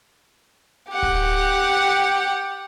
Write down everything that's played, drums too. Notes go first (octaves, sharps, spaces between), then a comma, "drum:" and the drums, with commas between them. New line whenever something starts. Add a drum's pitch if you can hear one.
G4 F#5
drum: kick D1